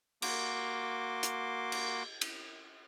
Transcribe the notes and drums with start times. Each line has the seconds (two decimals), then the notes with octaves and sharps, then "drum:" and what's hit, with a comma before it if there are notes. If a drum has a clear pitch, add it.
0.22 A#3 F#4 C6 D6, drum: cymbal
1.23 drum: hi-hat
1.72 drum: cymbal
2.21 drum: cymbal